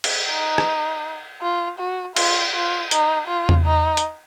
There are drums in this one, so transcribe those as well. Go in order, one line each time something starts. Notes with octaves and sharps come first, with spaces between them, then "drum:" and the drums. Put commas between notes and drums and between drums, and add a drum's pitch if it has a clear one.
drum: cymbal
D#4
drum: rim click
F4
F#4
F4, drum: cymbal
F4
D#4, drum: hi-hat
F4
drum: tom E2
D#4
drum: hi-hat